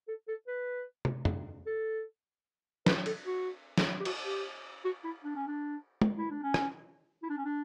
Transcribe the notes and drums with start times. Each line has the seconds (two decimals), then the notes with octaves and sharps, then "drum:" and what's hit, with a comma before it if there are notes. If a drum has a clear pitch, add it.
0.08 A4
0.28 A4
0.47 B4
1.05 drum: tom
1.25 drum: tom
1.66 A4
2.86 B4, drum: snare
3.06 A4, drum: cymbal
3.26 F#4
3.78 drum: snare
4.00 G4
4.05 F#4, drum: cymbal
4.25 G4
4.84 F#4
5.04 E4
5.24 D4
5.36 C#4
5.47 D4
6.02 drum: tom
6.17 E4
6.30 D4
6.43 C#4
6.54 drum: rim click
7.23 E4
7.30 D4
7.38 C#4
7.45 D4